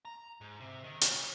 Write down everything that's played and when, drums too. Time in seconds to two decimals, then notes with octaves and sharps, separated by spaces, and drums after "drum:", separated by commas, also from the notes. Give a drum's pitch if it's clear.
0.05 A#5
0.41 G#2
0.60 C3
0.84 D#3
1.01 C#4, drum: hi-hat